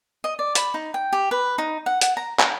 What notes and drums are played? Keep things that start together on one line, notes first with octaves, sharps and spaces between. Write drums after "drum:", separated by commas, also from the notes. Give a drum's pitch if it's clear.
D#5
D5
B5, drum: hi-hat
D#4
G5
G4
B4
D#4
F#5
F#5, drum: hi-hat
A#5
A#5, drum: clap